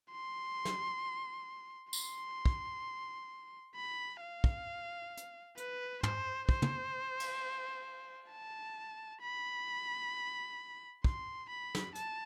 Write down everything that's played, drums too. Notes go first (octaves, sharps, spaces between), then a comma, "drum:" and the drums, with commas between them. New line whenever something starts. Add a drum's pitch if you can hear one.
C6
drum: snare
C6, drum: tambourine
drum: kick
B5
F5
drum: kick
drum: hi-hat
B4, drum: hi-hat
C5, drum: tom
C5, drum: kick
drum: tom
drum: cymbal
A5
B5
C6, drum: kick
B5
drum: snare
A5, drum: hi-hat